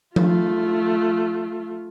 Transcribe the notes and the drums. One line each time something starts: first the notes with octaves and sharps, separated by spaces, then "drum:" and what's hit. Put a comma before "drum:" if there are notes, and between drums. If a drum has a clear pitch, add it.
A3 F4, drum: tom F3